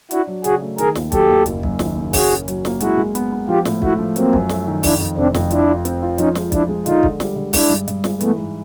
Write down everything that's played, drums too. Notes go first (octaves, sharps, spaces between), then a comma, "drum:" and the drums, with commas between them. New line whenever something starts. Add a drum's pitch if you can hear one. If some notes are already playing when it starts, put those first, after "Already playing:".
D4 E4 F#4, drum: hi-hat
F#3
C#3 F#4 G#4, drum: hi-hat
A3
D#3 G#4 A#4, drum: hi-hat
D#2, drum: snare
F#3 G4 A4, drum: kick, hi-hat
D#2
F#1, drum: hi-hat
F#2, drum: kick
D#3, drum: snare
F#1
C#4 F#4 G#4, drum: kick, open hi-hat
C#4
F#3, drum: hi-hat
A#3, drum: snare
G#3 E4 F#4, drum: hi-hat
G#3
B3, drum: hi-hat
B3
F3 F4 G4
A2, drum: snare
A3 E4 F#4, drum: kick
F3
F#3 A#3 C4, drum: hi-hat
F#2, drum: kick
A3, drum: snare
D#3
F2 D4 E4, drum: kick, open hi-hat
F2
F1 C4 D4
F2, drum: snare
D4 E4 F4, drum: hi-hat
F4
C4, drum: hi-hat
F4
F3 C#4 D#4, drum: hi-hat
G#3, drum: snare
F3 D4 E4, drum: kick, hi-hat
G#3
D3 D#4 F4, drum: hi-hat
D3, drum: kick
G3, drum: snare
D3
G#3 D4 E4, drum: kick, open hi-hat
G2
G2, drum: hi-hat
G#3, drum: snare
E3 A3 B3, drum: hi-hat
G#2